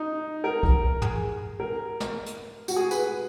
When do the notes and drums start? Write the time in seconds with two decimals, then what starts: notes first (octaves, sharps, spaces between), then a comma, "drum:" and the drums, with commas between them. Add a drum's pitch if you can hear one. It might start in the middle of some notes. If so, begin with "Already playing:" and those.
Already playing: D#4
0.44 A#4
0.63 drum: kick
1.02 G#4, drum: tom
1.60 A#4
2.00 drum: snare
2.26 drum: hi-hat
2.68 F#4, drum: tambourine
2.76 G#4
2.91 B4, drum: tambourine